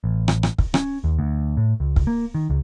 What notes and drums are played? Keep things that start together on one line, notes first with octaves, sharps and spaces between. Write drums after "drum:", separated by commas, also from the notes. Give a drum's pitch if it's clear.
A1
drum: rim click
drum: rim click
drum: kick
C#4, drum: rim click
D#2
D2
A2
C#2
drum: kick
A#3
D#3
C#2